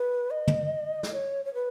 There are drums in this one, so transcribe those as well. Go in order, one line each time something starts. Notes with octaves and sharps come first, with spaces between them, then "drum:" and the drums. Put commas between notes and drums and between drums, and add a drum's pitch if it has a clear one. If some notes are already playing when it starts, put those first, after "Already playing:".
Already playing: B4
D#5
drum: tom
drum: snare
C#5
C#5
B4